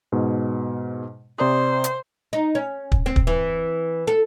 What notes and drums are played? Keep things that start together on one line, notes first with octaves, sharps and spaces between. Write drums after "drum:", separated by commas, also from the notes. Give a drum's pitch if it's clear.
G#2 B2
C3 C5 D5 D#6
drum: hi-hat
D#4
C#4
drum: kick
C4
drum: kick
E3
A4